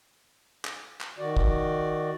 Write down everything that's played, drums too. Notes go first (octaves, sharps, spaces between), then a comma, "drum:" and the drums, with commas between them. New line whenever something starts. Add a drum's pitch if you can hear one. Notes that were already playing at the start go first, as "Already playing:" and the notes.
drum: clap
drum: clap
D#3 F#4 D5
drum: kick